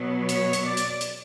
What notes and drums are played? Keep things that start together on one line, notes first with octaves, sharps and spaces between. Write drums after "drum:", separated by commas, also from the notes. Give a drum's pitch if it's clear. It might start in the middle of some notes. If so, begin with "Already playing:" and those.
Already playing: B2 F#3 B3
C#5, drum: hi-hat
drum: hi-hat
D5
drum: hi-hat
drum: hi-hat